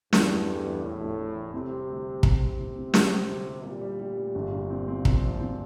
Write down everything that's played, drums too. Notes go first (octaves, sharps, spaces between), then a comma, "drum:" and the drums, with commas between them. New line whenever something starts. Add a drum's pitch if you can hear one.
G2 E3, drum: snare
E2
A3
E2
E2 A2
F1
F1
E3
C3 C4
G3
D2
G3
D2 C3, drum: kick
G3
C4
C4
G3, drum: snare
G3
D2
G3
A#2 G3
G3
G3
G3
G1
G1
C4
C4
C4, drum: kick
F3
C4